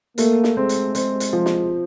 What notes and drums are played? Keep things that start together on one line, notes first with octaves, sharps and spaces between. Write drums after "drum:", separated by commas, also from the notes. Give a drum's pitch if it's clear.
A3 A#3, drum: hi-hat
drum: snare
G#3 C4
drum: hi-hat
C4, drum: hi-hat
drum: hi-hat
F3
drum: snare